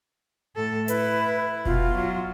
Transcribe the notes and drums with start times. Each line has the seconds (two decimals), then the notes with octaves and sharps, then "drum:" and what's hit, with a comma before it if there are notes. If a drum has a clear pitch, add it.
0.56 A2 A4
0.88 E4 B4, drum: hi-hat
1.66 B2 F4, drum: kick F1
1.95 F#3